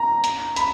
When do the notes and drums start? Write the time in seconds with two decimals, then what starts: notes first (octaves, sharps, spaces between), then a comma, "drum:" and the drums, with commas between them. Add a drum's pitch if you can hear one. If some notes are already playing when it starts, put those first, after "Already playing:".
Already playing: A#5
0.24 drum: hi-hat
0.56 B5, drum: hi-hat